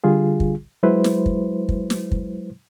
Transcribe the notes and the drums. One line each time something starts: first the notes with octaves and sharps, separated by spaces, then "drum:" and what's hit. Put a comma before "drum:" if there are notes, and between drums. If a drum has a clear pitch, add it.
D3 G3 F4 G#4
drum: kick
F#3 G#3 E4 B4 C5
drum: snare
drum: kick
drum: kick
drum: snare
drum: kick